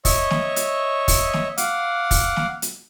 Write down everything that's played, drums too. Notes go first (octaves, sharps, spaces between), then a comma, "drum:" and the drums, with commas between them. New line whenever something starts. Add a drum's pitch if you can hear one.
C#5 D#5 E5 C#6, drum: kick, open hi-hat
drum: snare
drum: hi-hat
drum: kick, open hi-hat
drum: snare
F5 F#5 D6, drum: hi-hat
drum: kick, open hi-hat
drum: snare
drum: hi-hat